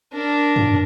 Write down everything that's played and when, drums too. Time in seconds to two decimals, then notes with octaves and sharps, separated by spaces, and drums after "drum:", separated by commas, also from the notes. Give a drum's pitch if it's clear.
0.13 D4 A#4
0.56 drum: tom F#2